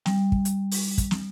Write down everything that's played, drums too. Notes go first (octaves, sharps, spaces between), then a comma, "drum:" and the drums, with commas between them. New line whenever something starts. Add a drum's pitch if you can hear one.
G3, drum: snare
drum: kick
drum: hi-hat
drum: open hi-hat
drum: kick, hi-hat
drum: snare